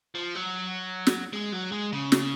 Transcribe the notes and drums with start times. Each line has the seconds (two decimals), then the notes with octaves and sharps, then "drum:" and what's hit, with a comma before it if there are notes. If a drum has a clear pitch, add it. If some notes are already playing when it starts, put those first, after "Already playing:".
0.15 F3
0.35 F#3
1.07 drum: snare
1.33 G#3
1.52 F#3
1.72 G#3
1.93 C#3
2.12 drum: snare